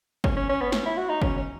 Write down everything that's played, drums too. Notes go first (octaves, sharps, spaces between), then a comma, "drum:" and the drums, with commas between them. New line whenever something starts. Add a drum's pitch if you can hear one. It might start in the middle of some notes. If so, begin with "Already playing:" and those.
C#4, drum: kick G1
C#4
C#4
B3
C#4, drum: snare
E4
F#4
D#4
C#4, drum: kick G1
C#4